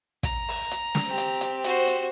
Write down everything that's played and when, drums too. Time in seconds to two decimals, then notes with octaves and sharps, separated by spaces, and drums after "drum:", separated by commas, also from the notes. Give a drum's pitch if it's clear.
0.23 A#5, drum: kick, hi-hat
0.48 drum: open hi-hat
0.71 drum: hi-hat
0.95 drum: snare
1.06 C4 G4
1.18 drum: hi-hat
1.41 drum: hi-hat
1.64 F#4 C5, drum: hi-hat
1.87 drum: hi-hat